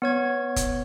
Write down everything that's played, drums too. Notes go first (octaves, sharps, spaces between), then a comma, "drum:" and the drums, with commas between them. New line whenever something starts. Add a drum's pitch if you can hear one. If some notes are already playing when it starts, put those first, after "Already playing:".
B3 C#5 G#6
drum: kick F1, hi-hat